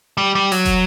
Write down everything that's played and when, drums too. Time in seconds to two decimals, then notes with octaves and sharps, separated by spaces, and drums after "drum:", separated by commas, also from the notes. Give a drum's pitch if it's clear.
0.17 G3
0.35 G3
0.52 F#3, drum: open hi-hat
0.65 drum: kick, hi-hat